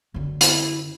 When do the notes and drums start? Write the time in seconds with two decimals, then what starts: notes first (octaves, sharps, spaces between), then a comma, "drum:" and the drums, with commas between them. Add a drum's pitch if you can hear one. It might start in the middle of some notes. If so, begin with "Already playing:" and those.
0.14 F#2 D3
0.41 E4, drum: hi-hat